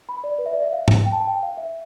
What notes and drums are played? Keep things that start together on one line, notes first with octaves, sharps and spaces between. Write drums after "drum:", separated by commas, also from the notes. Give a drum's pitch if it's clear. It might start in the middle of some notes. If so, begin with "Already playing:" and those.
B5
D5
B4
E5
D5
E5
F5
drum: tom
G5
A5
G5
F5
E5